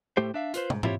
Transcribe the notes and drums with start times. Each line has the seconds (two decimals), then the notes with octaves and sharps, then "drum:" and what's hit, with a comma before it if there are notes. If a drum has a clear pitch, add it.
0.17 A2 A3 G4 C5
0.34 D4 E5 F5
0.54 F4 B4 C5, drum: hi-hat
0.70 G#2, drum: tom
0.83 C4 E4 F4 G4 B4 C#5, drum: tom